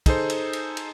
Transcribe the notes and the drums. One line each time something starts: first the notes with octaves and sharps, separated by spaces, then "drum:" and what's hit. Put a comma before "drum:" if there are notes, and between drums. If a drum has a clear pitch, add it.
D#4 G#4 A4 C5, drum: kick, cymbal
drum: cymbal
drum: cymbal
drum: cymbal